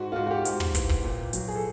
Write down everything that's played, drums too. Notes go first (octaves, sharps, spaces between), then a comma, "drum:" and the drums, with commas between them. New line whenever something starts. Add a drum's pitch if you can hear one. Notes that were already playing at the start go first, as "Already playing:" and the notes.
Already playing: G#2 F#4
F4
G#2 F#4
F#4
G4
G#2, drum: hi-hat
drum: tom
E3, drum: kick, hi-hat
drum: kick
A#2
F#3, drum: hi-hat
G#4
A4